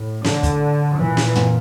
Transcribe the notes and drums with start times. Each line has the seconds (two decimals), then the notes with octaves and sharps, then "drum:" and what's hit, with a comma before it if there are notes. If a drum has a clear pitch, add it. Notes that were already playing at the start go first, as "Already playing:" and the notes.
Already playing: A2
0.24 D3, drum: snare
0.43 drum: kick, hi-hat
0.98 A#2 E3
1.17 drum: snare
1.35 drum: tom